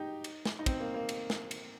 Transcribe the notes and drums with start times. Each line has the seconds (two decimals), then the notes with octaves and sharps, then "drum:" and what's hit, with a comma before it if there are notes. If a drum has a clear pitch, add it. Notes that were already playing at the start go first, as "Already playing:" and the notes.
Already playing: D#4 G4
0.24 drum: cymbal
0.45 drum: snare
0.59 D#4
0.66 C4, drum: kick, cymbal
0.80 A#3
0.94 A#3
1.09 drum: cymbal
1.30 drum: snare
1.51 drum: cymbal